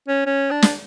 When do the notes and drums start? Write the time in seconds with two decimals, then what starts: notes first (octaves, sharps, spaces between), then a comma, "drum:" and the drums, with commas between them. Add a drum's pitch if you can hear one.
0.08 C#4
0.26 C#4
0.51 D4
0.62 drum: snare